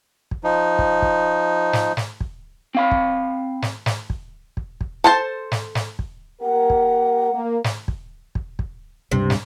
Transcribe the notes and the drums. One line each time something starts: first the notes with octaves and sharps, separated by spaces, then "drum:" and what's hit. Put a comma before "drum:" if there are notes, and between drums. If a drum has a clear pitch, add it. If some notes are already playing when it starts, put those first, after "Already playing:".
drum: kick
F3 D#4
drum: kick
drum: kick
drum: snare
drum: snare
drum: kick
C4 F5 B5
drum: kick
drum: snare
drum: snare
drum: kick
drum: kick
drum: kick
A4 C5 A5
drum: snare
drum: snare
drum: kick
A#3 G4 A#4 F#5
drum: kick
A#3
drum: snare
drum: kick
drum: kick
drum: kick
C#2 G2 C3
drum: snare